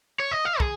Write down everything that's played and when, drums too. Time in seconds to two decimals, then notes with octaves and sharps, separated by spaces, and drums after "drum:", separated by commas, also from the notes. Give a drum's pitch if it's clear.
0.20 C#5
0.32 D#5
0.45 F5
0.60 G#4, drum: kick